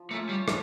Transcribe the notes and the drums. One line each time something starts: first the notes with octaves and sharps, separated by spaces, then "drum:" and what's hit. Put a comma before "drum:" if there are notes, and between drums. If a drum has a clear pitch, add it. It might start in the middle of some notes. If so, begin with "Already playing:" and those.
Already playing: F3
A3 A#3 C#4 F4
G3
D4, drum: rim click